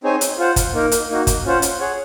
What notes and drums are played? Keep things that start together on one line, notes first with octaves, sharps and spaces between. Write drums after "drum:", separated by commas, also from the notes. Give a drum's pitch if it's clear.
C4 D#4 G#4 C#5 G#5
drum: hi-hat
F4 C5 F#5
drum: kick, hi-hat
A#3 D#4 A#4
drum: hi-hat
A#3 D#4 F#4
drum: kick, hi-hat
C#4 F4 C5 F#5
drum: hi-hat
G#4 C#5 F#5